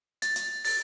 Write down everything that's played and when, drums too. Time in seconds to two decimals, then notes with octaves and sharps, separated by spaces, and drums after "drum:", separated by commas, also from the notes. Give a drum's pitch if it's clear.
0.22 A6, drum: hi-hat
0.36 drum: hi-hat
0.65 A6, drum: open hi-hat